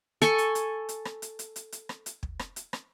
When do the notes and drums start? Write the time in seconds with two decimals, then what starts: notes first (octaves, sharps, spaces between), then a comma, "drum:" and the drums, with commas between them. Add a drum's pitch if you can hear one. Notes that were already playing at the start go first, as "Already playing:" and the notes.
0.22 A4 G#5 C#6, drum: hi-hat
0.38 drum: hi-hat
0.55 drum: hi-hat
0.89 drum: hi-hat
1.05 drum: rim click
1.22 drum: hi-hat
1.39 drum: hi-hat
1.56 drum: hi-hat
1.72 drum: hi-hat
1.89 drum: rim click
2.06 drum: hi-hat
2.23 drum: kick
2.39 drum: rim click
2.56 drum: hi-hat
2.73 drum: rim click